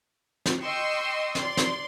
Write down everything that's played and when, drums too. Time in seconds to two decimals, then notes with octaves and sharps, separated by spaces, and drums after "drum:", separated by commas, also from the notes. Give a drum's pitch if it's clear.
0.46 drum: snare
0.62 D#5 G5 C6 C#6 E6 C7
1.35 D5 C6, drum: snare
1.57 drum: snare